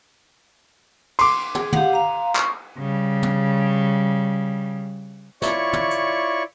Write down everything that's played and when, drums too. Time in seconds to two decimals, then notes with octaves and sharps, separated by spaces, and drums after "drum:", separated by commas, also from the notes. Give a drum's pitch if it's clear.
1.19 C6 D6, drum: cymbal
1.55 G#4, drum: tom
1.73 G4 F5 F#5, drum: tom
1.93 F5 A#5
2.35 C#6, drum: clap
2.78 C#3 G3
3.23 drum: tom
5.42 E4 F4 C#5 D5 C#6, drum: snare
5.73 drum: tom
5.91 drum: hi-hat